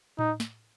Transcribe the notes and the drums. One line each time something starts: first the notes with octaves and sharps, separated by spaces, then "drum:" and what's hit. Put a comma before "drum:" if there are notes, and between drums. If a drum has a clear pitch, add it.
D#4, drum: tom A2
drum: snare